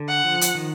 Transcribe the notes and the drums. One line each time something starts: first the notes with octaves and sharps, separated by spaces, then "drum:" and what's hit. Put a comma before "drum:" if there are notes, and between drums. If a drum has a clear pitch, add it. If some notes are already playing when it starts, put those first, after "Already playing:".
Already playing: D3
F#5
F3
drum: hi-hat
D#3